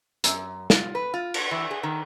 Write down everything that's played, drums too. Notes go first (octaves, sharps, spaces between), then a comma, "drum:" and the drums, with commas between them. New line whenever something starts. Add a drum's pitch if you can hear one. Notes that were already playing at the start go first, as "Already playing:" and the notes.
F#2, drum: hi-hat
F4, drum: snare
B4
F4
drum: cymbal
E3
G#4
D#3